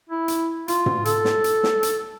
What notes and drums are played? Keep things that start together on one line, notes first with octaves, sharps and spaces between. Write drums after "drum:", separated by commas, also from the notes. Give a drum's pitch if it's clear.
E4
drum: hi-hat
F4, drum: hi-hat
drum: tom
A4, drum: hi-hat
drum: snare
drum: hi-hat
drum: snare
drum: hi-hat